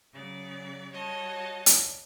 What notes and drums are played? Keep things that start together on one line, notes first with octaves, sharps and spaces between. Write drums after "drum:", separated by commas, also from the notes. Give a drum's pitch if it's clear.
C#3 F#3 D5
G3 F#4 C#5 D#5 A5
drum: hi-hat